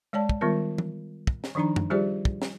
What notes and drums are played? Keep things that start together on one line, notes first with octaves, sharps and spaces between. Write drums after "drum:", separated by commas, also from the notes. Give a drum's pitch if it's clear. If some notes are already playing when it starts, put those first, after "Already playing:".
G#3 C#5 D5 A5
drum: kick
D#3 G3 B3 F4 A#4
drum: tom E3
drum: kick
drum: snare
D#3 F3 D4 D#4 A#5
drum: tom F#2
G3 F4 G4 G#4 C5 D5
drum: kick
drum: snare